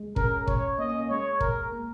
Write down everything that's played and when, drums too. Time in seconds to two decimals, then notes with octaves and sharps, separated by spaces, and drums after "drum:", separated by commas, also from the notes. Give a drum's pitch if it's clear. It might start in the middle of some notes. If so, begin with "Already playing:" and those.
Already playing: G#3
0.16 C#4 A#4, drum: kick
0.47 C#5, drum: kick
0.79 A#3 D#5
0.89 C#4
0.99 A#3
1.10 G#3 C#5
1.41 A#4, drum: kick
1.73 A#3